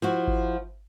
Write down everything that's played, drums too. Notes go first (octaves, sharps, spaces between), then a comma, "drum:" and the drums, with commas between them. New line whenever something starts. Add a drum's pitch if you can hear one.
F3 E4 F#4
drum: kick G#1